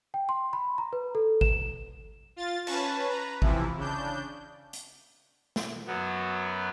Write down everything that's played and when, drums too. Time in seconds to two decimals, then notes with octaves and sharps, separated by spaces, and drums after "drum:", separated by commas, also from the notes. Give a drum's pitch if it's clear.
0.14 G5
0.29 C6
0.53 B5
0.78 A#5
0.93 B4
1.15 A4
1.41 E7, drum: kick
2.36 F4 A6
2.67 C#4 B4 A5, drum: cymbal
3.08 B4 A#5
3.42 C3 E3 F3 E4, drum: kick
3.77 C#3 D4 G6
4.73 drum: hi-hat
5.56 drum: snare
5.87 F#2 F#3 B3